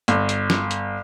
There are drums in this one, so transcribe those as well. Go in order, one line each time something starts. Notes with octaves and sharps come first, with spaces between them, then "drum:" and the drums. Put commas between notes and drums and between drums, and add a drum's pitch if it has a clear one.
G1, drum: hi-hat
drum: hi-hat
drum: snare
drum: hi-hat